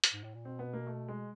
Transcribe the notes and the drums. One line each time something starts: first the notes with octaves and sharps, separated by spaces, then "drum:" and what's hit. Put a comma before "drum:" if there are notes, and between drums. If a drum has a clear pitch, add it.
drum: hi-hat
G#2
A2
A#2
B2 C4
B3
A#3
A3
G#3